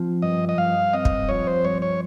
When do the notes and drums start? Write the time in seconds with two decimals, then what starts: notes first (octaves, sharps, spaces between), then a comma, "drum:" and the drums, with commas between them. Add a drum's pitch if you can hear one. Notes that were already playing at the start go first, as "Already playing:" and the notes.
Already playing: F3 C4
0.22 G2 D#5
0.49 D#5
0.58 G2 F5
0.93 C4 D#5
1.05 drum: kick
1.29 F3 C#5
1.47 C5
1.65 G2 C#5
1.82 C#5